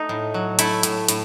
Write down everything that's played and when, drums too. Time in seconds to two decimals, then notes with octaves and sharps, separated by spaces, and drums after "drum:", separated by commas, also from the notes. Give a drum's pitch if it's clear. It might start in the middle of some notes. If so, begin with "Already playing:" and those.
Already playing: A3 D#4
0.09 A2
0.34 F#3
0.59 A3 E4, drum: hi-hat
0.83 A2, drum: hi-hat
1.08 A2, drum: hi-hat